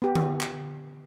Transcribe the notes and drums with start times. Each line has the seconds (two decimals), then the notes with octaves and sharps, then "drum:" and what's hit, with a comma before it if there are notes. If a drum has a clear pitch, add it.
0.02 B3 G4
0.15 drum: tom D3
0.41 drum: clap